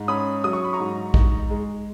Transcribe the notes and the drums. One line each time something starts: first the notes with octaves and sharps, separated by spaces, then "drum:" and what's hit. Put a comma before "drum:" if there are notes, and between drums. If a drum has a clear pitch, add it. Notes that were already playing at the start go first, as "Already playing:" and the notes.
Already playing: G#2
C#4 B5 D#6
F#3 D#6
C#6
B5
A#5 C#6
G#2
D#4, drum: kick A#1
G#3